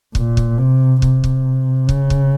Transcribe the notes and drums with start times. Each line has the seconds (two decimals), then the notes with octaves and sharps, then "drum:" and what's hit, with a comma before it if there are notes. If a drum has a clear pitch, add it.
0.15 A#2, drum: kick
0.37 drum: kick
0.58 C3
1.02 C3, drum: kick
1.24 drum: kick
1.89 C#3, drum: kick
2.10 drum: kick